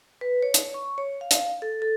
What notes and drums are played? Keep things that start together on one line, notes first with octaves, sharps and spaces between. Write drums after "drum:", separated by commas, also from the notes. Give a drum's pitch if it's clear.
B4
C#5
drum: hi-hat
C#6
C#5
F5
drum: hi-hat
A4
A4